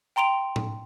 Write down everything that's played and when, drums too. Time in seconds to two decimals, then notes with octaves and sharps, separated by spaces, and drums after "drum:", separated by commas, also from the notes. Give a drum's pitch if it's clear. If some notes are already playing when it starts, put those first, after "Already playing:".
0.16 G5 A#5 C6 D7 F7
0.56 drum: tom A2